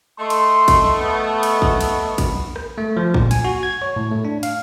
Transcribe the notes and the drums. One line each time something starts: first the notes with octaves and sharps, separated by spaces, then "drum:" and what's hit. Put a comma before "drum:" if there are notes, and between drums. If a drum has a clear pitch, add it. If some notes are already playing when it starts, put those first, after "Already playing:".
A3 D#5 C6
drum: cymbal
drum: kick, cymbal
B3
drum: cymbal
drum: kick
drum: cymbal
drum: kick, cymbal
drum: rim click
A3
F3
A#2, drum: kick
G#5, drum: cymbal
F#4
G#6
C#5
A2
A3
D4
F5, drum: cymbal